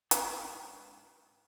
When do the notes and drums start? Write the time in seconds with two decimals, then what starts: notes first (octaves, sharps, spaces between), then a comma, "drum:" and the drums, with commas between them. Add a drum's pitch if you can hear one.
0.11 G#2 D4, drum: hi-hat